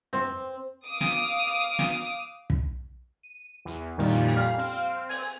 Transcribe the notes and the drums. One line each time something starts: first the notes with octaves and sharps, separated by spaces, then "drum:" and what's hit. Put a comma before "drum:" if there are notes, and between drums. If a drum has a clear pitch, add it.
C4, drum: tom
F5 D6 D#6
drum: snare
drum: hi-hat
drum: snare
drum: kick
D#7
E2
F2 A#2 D#3 G3
drum: open hi-hat
F5
C4
G#5, drum: open hi-hat